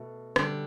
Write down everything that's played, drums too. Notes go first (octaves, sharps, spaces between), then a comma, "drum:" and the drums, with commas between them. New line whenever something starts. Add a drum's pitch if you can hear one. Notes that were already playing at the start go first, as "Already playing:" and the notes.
Already playing: B2 A3
D3 G3 D4 G4, drum: rim click